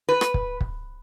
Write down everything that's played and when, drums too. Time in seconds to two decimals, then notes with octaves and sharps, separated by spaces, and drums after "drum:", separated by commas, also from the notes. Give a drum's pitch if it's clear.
0.09 B4
0.21 drum: rim click
0.34 drum: kick
0.61 drum: kick